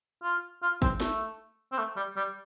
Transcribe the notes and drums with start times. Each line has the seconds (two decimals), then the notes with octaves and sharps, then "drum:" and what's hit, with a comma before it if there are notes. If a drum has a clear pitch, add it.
0.23 F4
0.62 F4
0.82 C4, drum: kick
1.00 A3, drum: snare
1.72 C4
1.78 A3
1.97 G3
2.16 G3